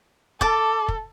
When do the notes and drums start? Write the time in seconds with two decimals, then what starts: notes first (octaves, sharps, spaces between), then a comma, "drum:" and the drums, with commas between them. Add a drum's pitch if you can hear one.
0.41 A4 A5 D6, drum: kick
0.88 drum: kick